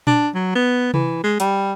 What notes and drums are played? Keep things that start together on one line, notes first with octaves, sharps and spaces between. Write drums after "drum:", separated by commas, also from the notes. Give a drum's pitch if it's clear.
D4, drum: tom A#2
F#3
B3
E3, drum: tom C3
G#3
G3, drum: hi-hat